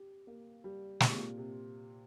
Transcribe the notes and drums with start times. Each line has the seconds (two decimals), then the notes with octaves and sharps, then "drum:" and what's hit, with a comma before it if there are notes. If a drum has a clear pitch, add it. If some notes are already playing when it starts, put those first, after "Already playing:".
Already playing: G4
0.27 A#3
0.64 G3
1.00 A#2, drum: snare
1.08 C3
1.15 A#2
1.38 C3